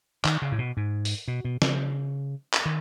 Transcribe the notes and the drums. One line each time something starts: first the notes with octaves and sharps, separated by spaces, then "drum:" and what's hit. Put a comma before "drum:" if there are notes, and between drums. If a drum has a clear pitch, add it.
D#3, drum: clap
C#3
A2
B2
G#2
drum: open hi-hat
B2
B2
C#3, drum: snare
drum: clap
D#3